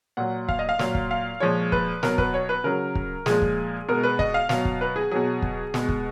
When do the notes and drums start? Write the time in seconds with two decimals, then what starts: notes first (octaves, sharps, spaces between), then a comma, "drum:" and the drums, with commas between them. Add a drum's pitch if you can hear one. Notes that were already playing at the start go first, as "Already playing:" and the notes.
0.17 A#2 F#3 F#5
0.49 F5, drum: kick
0.59 D#5
0.69 F5
0.79 A#2 F#3, drum: snare
0.95 drum: kick
1.11 F5
1.40 A#2 F3 G#3 C#5
1.72 B4, drum: kick
2.03 B2 F#3 A#4, drum: snare
2.18 B4, drum: kick
2.34 C#5
2.49 B4
2.64 C#3 F#3 A#4
2.95 drum: kick
3.26 A#2 F3 G#3 G#4, drum: snare
3.42 drum: kick
3.89 B2 G#3 A#4
4.03 B4
4.19 D#5, drum: kick
4.34 F5
4.49 B2 F#3 F5, drum: snare
4.65 drum: kick
4.81 B4
4.96 G#4
5.11 B2 F#3 G#4
5.42 drum: kick
5.74 B2 G#3, drum: snare
5.89 drum: kick